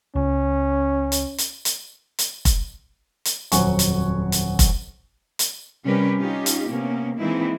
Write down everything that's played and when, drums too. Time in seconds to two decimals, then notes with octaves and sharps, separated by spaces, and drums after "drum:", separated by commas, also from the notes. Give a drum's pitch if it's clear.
0.16 C#2 C#4
1.12 drum: hi-hat
1.38 drum: hi-hat
1.65 drum: hi-hat
2.19 drum: hi-hat
2.45 drum: kick F1, hi-hat
3.25 drum: hi-hat
3.52 D#1 F2 F#3 F#5 G#5 C#6, drum: hi-hat
3.79 drum: hi-hat
4.32 drum: hi-hat
4.59 drum: kick F1, hi-hat
5.39 drum: hi-hat
5.84 C3 G3 C#4 G4 A#4 B4
6.19 C#4 D#4 F4 G4
6.46 drum: hi-hat
6.68 C3 A#3 B3 C#4
7.19 E3 G#3 A#3 C4 D#4 E4